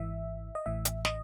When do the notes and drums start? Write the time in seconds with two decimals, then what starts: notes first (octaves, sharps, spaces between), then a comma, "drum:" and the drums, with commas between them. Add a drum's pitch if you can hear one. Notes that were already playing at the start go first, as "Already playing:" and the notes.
Already playing: G#1 G#2 E3 E5
0.55 D#5
0.66 A1 A2 E3 E5
0.85 drum: hi-hat
1.05 D#5, drum: snare